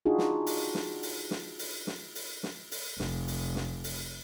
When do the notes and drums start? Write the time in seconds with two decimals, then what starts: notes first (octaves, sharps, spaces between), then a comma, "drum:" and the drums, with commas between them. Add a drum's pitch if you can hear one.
0.06 D4 D#4 F4 F#4 G#4
0.18 drum: snare
0.46 drum: open hi-hat
0.75 drum: snare
1.03 drum: open hi-hat
1.31 drum: snare
1.59 drum: open hi-hat
1.87 drum: snare
2.15 drum: open hi-hat
2.43 drum: snare
2.71 drum: open hi-hat
3.00 F1, drum: snare
3.28 drum: open hi-hat
3.56 drum: snare
3.84 drum: open hi-hat